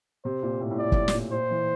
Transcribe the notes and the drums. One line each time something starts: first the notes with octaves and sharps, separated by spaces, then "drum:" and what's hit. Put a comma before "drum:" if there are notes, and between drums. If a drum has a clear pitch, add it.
C3 C5
A#2
A2
A2
A#2 D5
drum: kick
A2, drum: snare
A#2
A#2 C5
E3